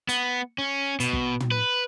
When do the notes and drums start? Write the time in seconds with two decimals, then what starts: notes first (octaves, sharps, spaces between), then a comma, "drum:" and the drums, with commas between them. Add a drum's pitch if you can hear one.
0.09 B3, drum: hi-hat
0.58 C#4
1.00 B2, drum: hi-hat
1.13 drum: kick
1.40 drum: tom
1.51 B4